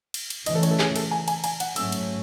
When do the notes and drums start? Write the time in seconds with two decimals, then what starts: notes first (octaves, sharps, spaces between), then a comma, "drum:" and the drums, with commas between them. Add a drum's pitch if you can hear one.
0.14 drum: cymbal
0.30 drum: cymbal
0.46 C#3 E3 A3 C#4 D#5, drum: cymbal
0.55 A4
0.63 C#5, drum: cymbal
0.71 A4
0.79 G#4, drum: clap
0.96 A4, drum: cymbal
1.11 G#5
1.28 G#5, drum: cymbal
1.44 G#5, drum: cymbal
1.60 F#5, drum: cymbal
1.76 G#2 F#3 A3 C#4 E6, drum: cymbal
1.92 drum: cymbal